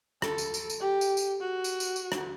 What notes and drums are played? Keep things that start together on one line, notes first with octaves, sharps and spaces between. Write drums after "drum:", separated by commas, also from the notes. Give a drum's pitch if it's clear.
A4, drum: rim click
drum: tambourine
drum: tambourine
drum: tambourine
G4
drum: tambourine
drum: tambourine
F#4
drum: tambourine
drum: tambourine
drum: tambourine
drum: rim click